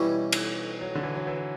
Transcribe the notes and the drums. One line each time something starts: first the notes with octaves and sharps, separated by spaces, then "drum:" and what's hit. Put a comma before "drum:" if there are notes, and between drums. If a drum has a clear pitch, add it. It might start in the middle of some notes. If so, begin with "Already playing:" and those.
Already playing: B2 E3 G3 C#4 E4
drum: cymbal
F#3
D3
E3
F#3
E3